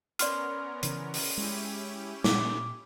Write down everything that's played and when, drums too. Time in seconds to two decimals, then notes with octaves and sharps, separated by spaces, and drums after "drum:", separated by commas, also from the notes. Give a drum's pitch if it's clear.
0.19 B3 C#4 A#4 D5 C6 F6, drum: hi-hat
0.83 C#3 E3, drum: hi-hat
1.14 drum: open hi-hat
1.38 G#3 C#4 E4 G4
2.24 A#2 D6, drum: snare